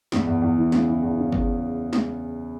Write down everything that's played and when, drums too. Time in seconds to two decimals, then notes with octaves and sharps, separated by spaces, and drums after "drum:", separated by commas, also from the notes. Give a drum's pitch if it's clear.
0.12 E2, drum: snare
0.27 E2
0.42 E2
0.57 E3
0.72 C#3, drum: snare
0.87 E3
1.02 E2
1.18 C#3
1.32 drum: kick
1.93 drum: snare